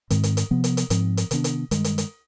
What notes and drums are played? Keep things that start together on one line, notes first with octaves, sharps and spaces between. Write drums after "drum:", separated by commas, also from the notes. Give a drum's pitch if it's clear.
G#2 D#3 G#3 C4, drum: hi-hat
drum: hi-hat
drum: hi-hat
C3 F3 B3
drum: hi-hat
drum: hi-hat
G#2 F3 C4, drum: hi-hat
drum: hi-hat
C3 D#3 B3 D4, drum: hi-hat
drum: hi-hat
G2 D#3 G#3, drum: hi-hat
drum: hi-hat
drum: hi-hat